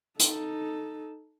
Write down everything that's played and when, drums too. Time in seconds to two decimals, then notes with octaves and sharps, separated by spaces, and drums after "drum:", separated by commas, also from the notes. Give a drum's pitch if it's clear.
0.19 D#4 A4, drum: hi-hat